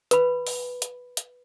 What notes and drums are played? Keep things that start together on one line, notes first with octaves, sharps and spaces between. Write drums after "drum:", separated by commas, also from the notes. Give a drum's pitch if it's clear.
B4 B5, drum: hi-hat
drum: open hi-hat
drum: hi-hat
drum: hi-hat